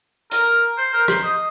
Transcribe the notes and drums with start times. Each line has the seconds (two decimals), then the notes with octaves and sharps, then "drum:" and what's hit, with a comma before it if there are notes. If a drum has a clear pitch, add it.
0.31 A#4, drum: hi-hat
0.78 C5
0.93 A#4
1.08 C5, drum: rim click
1.24 D#5